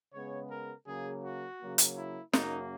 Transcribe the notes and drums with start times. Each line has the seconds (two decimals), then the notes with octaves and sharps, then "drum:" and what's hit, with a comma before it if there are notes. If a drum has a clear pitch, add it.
0.13 C#3 G#3 B3 C#5
0.50 A#4
0.86 C#3 F#3 A#3 G#4
1.23 F#4
1.60 C#3 F#3 A#3
1.78 drum: hi-hat
1.97 E4
2.33 F#2 C#3 F#3 A#3 D#4, drum: snare